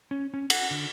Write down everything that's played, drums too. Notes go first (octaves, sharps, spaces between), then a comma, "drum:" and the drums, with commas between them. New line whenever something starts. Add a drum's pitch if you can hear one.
C#4
C#4
F#5, drum: cymbal
D3